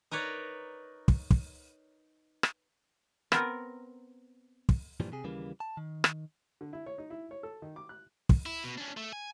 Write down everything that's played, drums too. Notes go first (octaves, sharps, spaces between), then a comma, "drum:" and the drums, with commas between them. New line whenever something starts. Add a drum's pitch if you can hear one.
D#4 A#4 B4 C#5 D5
drum: kick
drum: kick
drum: rim click
B3 C4 A#4, drum: rim click
drum: kick
G2 A#2 E3 F3 G3
C3 G#4
D#2 C#3 E3 G3 A#3
A5
D#3
drum: rim click
D3
E4
C#5
D#4
E4
C#5
A4
D#3
D6
F#6
drum: kick
E4
B2
C#4 D4
A3
G#5